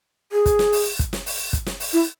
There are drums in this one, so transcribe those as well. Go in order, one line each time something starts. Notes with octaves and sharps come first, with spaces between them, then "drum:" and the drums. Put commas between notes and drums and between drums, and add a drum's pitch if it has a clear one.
G#4
drum: kick, hi-hat
drum: snare
drum: open hi-hat
drum: kick, hi-hat
drum: snare
drum: open hi-hat
drum: kick, hi-hat
drum: snare
drum: open hi-hat
E4